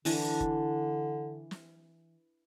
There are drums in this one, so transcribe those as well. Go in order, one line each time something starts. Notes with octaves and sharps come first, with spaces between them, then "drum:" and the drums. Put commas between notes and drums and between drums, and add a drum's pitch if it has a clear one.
D3 E3 D4, drum: open hi-hat
drum: kick G1
drum: snare